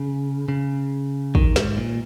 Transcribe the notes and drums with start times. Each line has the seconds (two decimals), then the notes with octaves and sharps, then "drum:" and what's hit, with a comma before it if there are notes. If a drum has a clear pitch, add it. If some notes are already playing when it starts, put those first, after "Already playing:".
Already playing: C#3
0.49 C#3
1.35 D#3, drum: kick
1.56 G#2, drum: snare
1.77 A#2